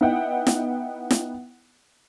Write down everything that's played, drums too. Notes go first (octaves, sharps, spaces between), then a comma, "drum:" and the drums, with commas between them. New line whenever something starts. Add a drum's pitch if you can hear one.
B3 D#4 E4 E5 F#5 G5
drum: snare
drum: snare